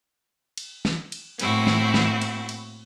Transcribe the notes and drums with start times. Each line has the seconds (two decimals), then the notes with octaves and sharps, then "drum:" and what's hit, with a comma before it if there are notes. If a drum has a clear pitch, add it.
0.58 drum: cymbal
0.85 drum: snare
1.12 drum: cymbal
1.40 A2 A#3 C4 E4 F#4, drum: cymbal
1.67 drum: snare
1.94 drum: snare
2.22 drum: cymbal
2.49 drum: cymbal